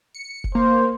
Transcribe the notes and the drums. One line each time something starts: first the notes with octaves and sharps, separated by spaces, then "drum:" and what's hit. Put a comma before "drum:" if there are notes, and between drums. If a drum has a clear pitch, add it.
C#7
drum: kick F1
A#3 C5